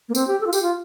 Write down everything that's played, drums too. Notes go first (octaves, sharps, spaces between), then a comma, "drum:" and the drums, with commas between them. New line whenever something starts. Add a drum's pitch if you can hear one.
A#3
C4, drum: tambourine
G4
A4
F4
G4, drum: tambourine
F4